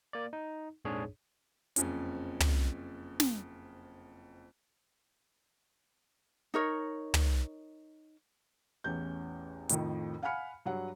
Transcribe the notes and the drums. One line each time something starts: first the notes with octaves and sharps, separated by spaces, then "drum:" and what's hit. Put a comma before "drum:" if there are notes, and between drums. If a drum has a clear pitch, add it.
A#3 D5
D#4
A#1 F2 G#2 D4 G#4 C#5
F#1 F2 C4 C#4, drum: hi-hat
drum: tom
drum: snare
D#4 A#4 C#5
drum: tom
A1 E2 C#4 G6
F2 A2 D#3 F3, drum: hi-hat
F5 F#5 G#5 B5 F6 C#7
G2 F#3 C#5 F#5